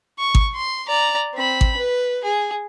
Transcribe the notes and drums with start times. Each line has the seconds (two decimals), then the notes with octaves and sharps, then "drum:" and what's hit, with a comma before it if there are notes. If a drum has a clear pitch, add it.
0.19 C#6
0.35 drum: kick G#1
0.55 C6
0.87 D5 A#5
1.34 C4 B5
1.61 drum: kick G#1
1.77 B4
2.24 G#4